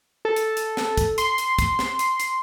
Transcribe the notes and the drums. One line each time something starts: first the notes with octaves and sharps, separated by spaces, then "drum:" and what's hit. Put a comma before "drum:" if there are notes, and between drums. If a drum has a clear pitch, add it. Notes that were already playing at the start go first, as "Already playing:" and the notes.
A4
drum: hi-hat
drum: hi-hat
drum: snare
drum: kick, hi-hat
C6, drum: hi-hat
drum: hi-hat
drum: kick, hi-hat
drum: snare
drum: hi-hat
drum: hi-hat